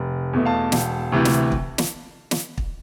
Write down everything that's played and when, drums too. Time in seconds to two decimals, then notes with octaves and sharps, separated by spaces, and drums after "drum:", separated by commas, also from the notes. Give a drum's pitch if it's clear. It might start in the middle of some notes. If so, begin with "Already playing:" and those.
Already playing: F1
0.33 E2 B2 A3
0.45 F5 A5
0.72 E1, drum: snare
1.12 D2 C3 E3
1.25 drum: snare
1.52 drum: kick
1.78 drum: snare
2.31 drum: snare
2.58 drum: kick